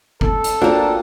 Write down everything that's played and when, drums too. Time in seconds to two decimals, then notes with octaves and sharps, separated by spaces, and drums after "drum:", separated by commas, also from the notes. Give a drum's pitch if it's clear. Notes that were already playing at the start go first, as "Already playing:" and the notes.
0.21 A4, drum: kick F#1
0.44 drum: hi-hat
0.62 A#3 C4 D4 F4 F#4 A#4